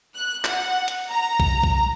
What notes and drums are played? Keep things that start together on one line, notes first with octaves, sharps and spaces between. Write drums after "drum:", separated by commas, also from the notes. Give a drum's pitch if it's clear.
F#6
F#5, drum: clap
drum: hi-hat
A#5
drum: kick
drum: kick